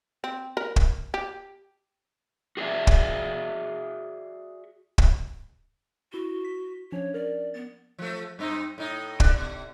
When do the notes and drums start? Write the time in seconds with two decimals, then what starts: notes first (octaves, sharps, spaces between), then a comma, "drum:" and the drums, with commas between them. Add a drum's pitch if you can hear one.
0.24 C4
0.57 A#4
0.76 drum: kick
1.14 G4
2.57 F#4 G#4 A#4 D5 E5
2.87 drum: kick
4.98 drum: kick
6.13 E4 F#4 G7
6.45 B6
6.92 F3 C#4 D4 C#5
7.14 A#4 D5
7.54 B3 A6
7.99 F3 A3
8.39 G2 C4 D#4
8.78 A2 D#4
9.20 D3 D4, drum: kick
9.37 B2